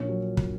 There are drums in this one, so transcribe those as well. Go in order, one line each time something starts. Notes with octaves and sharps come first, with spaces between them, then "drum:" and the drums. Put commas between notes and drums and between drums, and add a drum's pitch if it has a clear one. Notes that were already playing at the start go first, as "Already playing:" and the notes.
Already playing: A#1 A#2 C#4
F#3
drum: kick